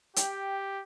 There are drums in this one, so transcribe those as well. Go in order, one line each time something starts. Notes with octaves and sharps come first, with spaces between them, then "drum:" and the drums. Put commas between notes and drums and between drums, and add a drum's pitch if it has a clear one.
G4 G5, drum: hi-hat